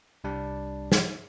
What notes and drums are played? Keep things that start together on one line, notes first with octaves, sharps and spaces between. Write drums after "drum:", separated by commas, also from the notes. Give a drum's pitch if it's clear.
C2 G3 D4
drum: snare